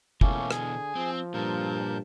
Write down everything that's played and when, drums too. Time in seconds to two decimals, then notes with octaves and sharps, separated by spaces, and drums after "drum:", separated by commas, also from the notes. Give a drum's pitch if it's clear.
0.21 C#2 B2 E3 A3 A#3 C#4, drum: kick
0.51 D3 G#4 G#5, drum: rim click
0.95 F3 C4
1.34 G2 A#2 A#4 A5 G6